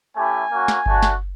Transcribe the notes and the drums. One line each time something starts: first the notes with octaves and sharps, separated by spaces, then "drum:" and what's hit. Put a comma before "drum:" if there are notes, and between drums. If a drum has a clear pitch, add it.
A3 C#4 E4 G4 G#5
A#3 C#4 F#4
drum: snare
A3 D4 F#4, drum: kick G1
drum: snare